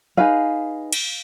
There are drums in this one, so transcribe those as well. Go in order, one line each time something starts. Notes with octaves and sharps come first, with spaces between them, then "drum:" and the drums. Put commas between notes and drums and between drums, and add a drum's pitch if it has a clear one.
D#4 G#4 B4 F5
drum: cymbal